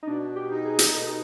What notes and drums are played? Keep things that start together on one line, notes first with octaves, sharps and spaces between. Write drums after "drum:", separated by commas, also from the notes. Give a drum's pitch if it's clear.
D#4
B2 D4
G4
D#4
G#4
drum: hi-hat
B2 A4
G4